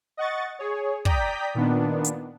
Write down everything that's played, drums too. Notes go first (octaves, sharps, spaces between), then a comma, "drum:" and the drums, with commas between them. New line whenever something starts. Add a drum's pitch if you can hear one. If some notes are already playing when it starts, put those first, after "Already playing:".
D#5 F#5 C#6 A6
G#4 C#5
D5 G5 A#5 D#6 G6 B6, drum: kick
A#2 D#3 B3 D4
drum: hi-hat